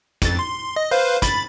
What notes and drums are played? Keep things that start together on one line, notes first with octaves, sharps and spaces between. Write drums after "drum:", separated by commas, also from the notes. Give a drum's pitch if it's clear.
F2 A6, drum: kick, hi-hat
C6
D#5
B4 C5 F5
B5 A6, drum: kick, hi-hat